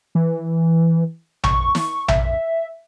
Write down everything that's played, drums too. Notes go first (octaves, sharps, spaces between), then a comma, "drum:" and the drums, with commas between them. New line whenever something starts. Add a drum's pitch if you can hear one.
E3
C#6, drum: tom A#1
drum: snare
E5, drum: tom A#1